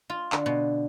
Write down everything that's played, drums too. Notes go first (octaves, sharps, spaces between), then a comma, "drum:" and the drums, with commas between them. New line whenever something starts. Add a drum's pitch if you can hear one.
F4
D3, drum: clap
B2